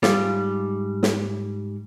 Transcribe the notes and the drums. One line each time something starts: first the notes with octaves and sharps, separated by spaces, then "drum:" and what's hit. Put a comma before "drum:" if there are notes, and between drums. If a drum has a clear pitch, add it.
G#2 G3 F4, drum: snare
drum: snare